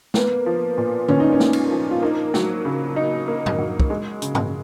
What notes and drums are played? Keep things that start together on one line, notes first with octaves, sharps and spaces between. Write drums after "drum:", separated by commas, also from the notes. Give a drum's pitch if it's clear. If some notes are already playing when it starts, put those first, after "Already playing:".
A#3 B3, drum: snare
F3
A#2
A#2 C#4, drum: tom D3
D#4
C#4
A#3, drum: snare
drum: cymbal
F3
F4
A#3 D#4
F#3, drum: snare
C#3
D#4
A#3
drum: tom
F#3
drum: kick
G#3
C#3, drum: hi-hat
drum: tom G2